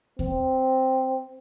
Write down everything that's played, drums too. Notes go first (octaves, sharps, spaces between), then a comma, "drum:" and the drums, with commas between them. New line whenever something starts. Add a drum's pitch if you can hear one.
C4, drum: kick D#2